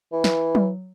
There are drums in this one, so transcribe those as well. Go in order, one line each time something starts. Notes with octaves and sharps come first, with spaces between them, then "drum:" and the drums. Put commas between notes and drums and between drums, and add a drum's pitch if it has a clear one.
E3
drum: snare
drum: tom F#3